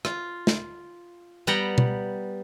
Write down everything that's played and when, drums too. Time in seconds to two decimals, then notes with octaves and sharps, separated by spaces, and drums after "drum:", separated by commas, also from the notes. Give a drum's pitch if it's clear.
0.05 F4, drum: rim click
0.47 drum: snare
1.47 G3 B3 F#5 G5 A#5
1.78 drum: tom B2